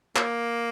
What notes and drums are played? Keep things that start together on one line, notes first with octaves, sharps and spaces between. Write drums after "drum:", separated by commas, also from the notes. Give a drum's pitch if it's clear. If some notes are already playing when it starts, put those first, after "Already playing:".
A#3, drum: clap